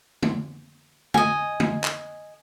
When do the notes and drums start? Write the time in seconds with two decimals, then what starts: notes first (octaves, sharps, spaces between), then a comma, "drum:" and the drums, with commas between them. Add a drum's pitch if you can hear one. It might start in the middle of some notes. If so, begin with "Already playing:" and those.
0.23 drum: tom D3
1.14 D#5 G#5, drum: tom D3
1.60 drum: tom D3
1.84 drum: clap